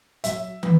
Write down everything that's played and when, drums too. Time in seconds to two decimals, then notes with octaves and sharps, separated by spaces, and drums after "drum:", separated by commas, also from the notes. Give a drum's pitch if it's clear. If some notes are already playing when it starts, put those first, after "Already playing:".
0.24 F#3 E5, drum: hi-hat
0.63 B3, drum: tom